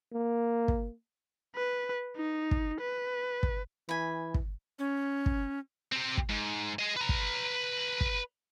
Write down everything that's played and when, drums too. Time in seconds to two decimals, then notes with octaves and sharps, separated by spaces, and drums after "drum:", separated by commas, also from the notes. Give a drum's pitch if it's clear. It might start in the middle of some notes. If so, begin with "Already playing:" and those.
0.12 A#3
0.68 drum: kick
1.55 B4
2.16 D#4
2.51 drum: kick
2.80 B4
3.43 drum: kick
3.89 E3 G#5 B5
4.34 drum: kick
4.79 C#4
5.26 drum: kick
5.92 C4 G4
6.18 drum: kick
6.29 G#2
6.79 G#4 D#5
6.96 B4 A#5
7.09 drum: kick
8.01 drum: kick